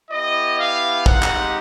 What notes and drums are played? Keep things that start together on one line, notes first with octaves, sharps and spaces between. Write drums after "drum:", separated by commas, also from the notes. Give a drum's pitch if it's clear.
B3 E4 G4 D#5
F5
G#3 C4 D#4 G4 F#5, drum: kick
drum: clap